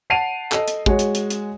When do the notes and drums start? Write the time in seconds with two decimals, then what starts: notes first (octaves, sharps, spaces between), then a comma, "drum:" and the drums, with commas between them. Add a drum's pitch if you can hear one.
0.10 F#5 A5 C7 D7 D#7 F7
0.52 A4 D#5, drum: clap
0.68 drum: hi-hat
0.86 G#3 F#4 C#5, drum: kick
0.99 drum: hi-hat
1.15 drum: hi-hat
1.30 drum: hi-hat